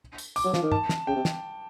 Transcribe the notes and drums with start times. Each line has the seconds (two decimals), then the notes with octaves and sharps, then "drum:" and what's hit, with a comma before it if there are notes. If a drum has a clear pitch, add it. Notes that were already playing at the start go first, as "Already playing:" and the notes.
0.18 drum: tambourine
0.36 D6, drum: tambourine
0.45 F#3
0.54 F3, drum: snare
0.62 D#3
0.72 A5, drum: tom
0.89 drum: snare
1.07 C#3 G5
1.16 C3
1.25 drum: snare